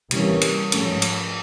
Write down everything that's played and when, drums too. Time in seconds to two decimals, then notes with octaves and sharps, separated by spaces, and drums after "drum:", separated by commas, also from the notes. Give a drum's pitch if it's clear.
0.11 C3 E3 G3 A#3 C#4, drum: cymbal
0.41 drum: cymbal
0.72 G#2 F3 A3 C#4, drum: cymbal
1.02 drum: cymbal